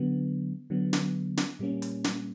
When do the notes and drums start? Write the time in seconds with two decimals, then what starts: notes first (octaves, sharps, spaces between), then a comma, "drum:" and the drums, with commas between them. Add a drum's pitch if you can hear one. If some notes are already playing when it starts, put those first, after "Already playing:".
Already playing: D3 F#3 B3
0.70 D3 F#3 B3
0.93 drum: snare
1.37 drum: snare
1.59 A#2 G3 A#3 C#4
1.82 drum: hi-hat
2.04 drum: snare